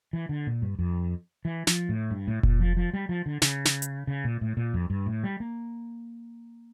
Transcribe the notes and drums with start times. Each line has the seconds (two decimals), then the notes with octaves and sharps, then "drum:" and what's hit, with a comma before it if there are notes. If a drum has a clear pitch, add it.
0.13 E3
0.29 D3
0.47 A#2
0.62 G2
0.79 F2
1.45 E3
1.67 F3, drum: snare
1.89 A2
2.11 G2
2.28 A2
2.43 A#2, drum: kick F1
2.60 F3
2.77 F3
2.93 G3
3.09 F3
3.26 D3
3.42 C#3, drum: snare
3.65 drum: snare
3.82 drum: hi-hat
4.07 C#3
4.24 A#2
4.41 A2
4.57 A#2
4.74 F2
4.90 G2
5.06 A2
5.24 G3
5.40 A#3